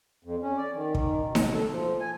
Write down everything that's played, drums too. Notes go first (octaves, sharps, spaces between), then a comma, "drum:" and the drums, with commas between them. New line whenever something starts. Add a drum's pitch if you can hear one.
F2
C#4
D5
D#3
D#3, drum: kick
B2
drum: snare D#4
A4
F3
G#5